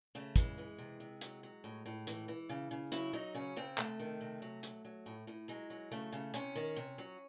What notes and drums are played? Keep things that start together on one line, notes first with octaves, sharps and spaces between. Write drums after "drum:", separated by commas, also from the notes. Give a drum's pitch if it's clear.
C#3 A3
E3 G#3, drum: kick, hi-hat
E3
C3
C3
F#3, drum: hi-hat
F#3
A2
A2
E3, drum: hi-hat
E3
C#3
C#3
F#3 E4, drum: hi-hat
F#3 D#4
C#3 C#4
C#3 C4
C3 A3, drum: clap
D#3
C3
F#3
F#3, drum: hi-hat
F#3
A2
A2
F#3 G#3
F#3
C#3 A3
C#3
C3 C#4, drum: hi-hat
D#3
C3
F#3